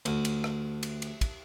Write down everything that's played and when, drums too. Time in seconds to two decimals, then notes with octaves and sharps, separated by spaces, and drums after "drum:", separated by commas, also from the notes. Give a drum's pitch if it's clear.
0.05 D2, drum: cymbal
0.25 drum: cymbal
0.44 drum: rim click
0.83 drum: cymbal
1.02 drum: cymbal
1.21 drum: kick, cymbal